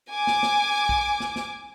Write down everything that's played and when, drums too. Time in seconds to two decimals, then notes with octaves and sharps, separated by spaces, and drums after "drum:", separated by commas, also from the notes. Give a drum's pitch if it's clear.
0.12 G#5 D6
0.27 drum: snare
0.43 drum: snare
0.89 drum: kick
1.20 drum: snare
1.36 drum: snare